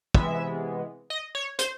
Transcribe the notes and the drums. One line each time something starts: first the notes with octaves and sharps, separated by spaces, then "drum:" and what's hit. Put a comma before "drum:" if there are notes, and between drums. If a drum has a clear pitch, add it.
C3 E3 G#3 B3 E5, drum: kick
D#5
C#5
C5, drum: hi-hat